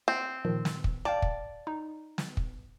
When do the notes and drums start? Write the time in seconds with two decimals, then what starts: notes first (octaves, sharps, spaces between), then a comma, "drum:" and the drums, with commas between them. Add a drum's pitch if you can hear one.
0.08 C4
0.45 A#2 D#3 F3
0.65 drum: snare
0.84 drum: kick
1.05 D5 F5 G5 A5
1.22 drum: kick
1.67 D#4
2.18 drum: snare
2.37 drum: kick